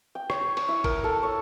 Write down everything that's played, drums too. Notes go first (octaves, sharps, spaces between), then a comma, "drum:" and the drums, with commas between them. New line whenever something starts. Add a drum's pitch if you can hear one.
G5
C#5, drum: rim click
C#5, drum: cymbal
E4
A#4, drum: kick G1, cymbal
A4
C#5